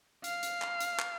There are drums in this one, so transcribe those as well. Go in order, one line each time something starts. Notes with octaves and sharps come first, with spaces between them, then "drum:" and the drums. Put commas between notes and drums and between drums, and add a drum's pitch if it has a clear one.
F5, drum: hi-hat
drum: hi-hat
drum: clap
drum: hi-hat
drum: clap